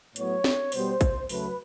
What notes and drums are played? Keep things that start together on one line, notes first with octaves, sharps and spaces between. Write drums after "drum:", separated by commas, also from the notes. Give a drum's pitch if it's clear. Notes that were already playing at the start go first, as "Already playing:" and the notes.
A2 F#3 B3 C#5, drum: hi-hat
drum: snare
B2 G3 B3 C5, drum: open hi-hat
drum: kick, hi-hat
C#3 F#3 A3 B4, drum: open hi-hat